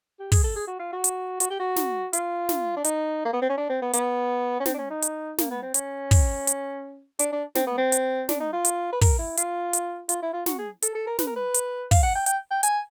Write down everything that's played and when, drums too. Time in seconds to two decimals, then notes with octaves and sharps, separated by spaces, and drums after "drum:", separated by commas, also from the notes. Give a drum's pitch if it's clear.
0.19 G4
0.32 G#4, drum: kick, open hi-hat
0.44 A4
0.56 G#4
0.67 F#4
0.79 F4
0.92 F#4
1.04 drum: hi-hat
1.40 F#4, drum: hi-hat
1.50 G4
1.59 F#4
1.76 drum: snare
2.13 F4, drum: hi-hat
2.49 drum: snare
2.76 D4
2.84 D#4, drum: hi-hat
3.25 A#3
3.33 B3
3.42 C4
3.49 C#4
3.57 D4
3.69 C4
3.82 B3
3.93 B3, drum: hi-hat
4.60 C#4
4.66 C4, drum: snare
4.74 D4
4.78 C#4
4.90 D#4
5.02 drum: hi-hat
5.38 A#3, drum: snare
5.51 B3
5.62 C4
5.74 C#4, drum: hi-hat
6.11 drum: kick, open hi-hat
6.47 drum: hi-hat
7.19 D4, drum: hi-hat
7.32 D4
7.55 C4, drum: snare
7.67 B3
7.78 C4
7.92 drum: hi-hat
8.29 D4, drum: snare
8.40 D#4
8.53 F4
8.65 drum: hi-hat
8.92 B4
9.01 A#4, drum: kick, open hi-hat
9.19 E4
9.37 F4, drum: hi-hat
9.73 drum: hi-hat
10.09 F4, drum: hi-hat
10.22 E4
10.33 F4
10.46 F#4, drum: snare
10.58 G#4
10.82 A4, drum: hi-hat
10.95 A4
11.07 A#4
11.19 B4, drum: snare
11.27 A#4
11.36 B4
11.54 drum: hi-hat
11.91 F5, drum: kick, open hi-hat
12.03 F#5
12.15 G5
12.26 G5, drum: hi-hat
12.51 G5
12.63 G#5, drum: hi-hat